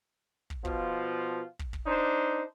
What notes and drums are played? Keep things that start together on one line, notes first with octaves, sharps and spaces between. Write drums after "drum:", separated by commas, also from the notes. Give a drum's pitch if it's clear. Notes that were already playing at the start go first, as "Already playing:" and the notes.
drum: kick
B2 F3 F4, drum: kick
drum: kick
drum: kick
D4 D#4 C5